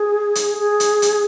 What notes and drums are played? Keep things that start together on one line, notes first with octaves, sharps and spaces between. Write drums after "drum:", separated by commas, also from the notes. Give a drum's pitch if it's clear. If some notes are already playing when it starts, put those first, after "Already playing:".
Already playing: G#4
drum: hi-hat
G#4
drum: hi-hat
drum: hi-hat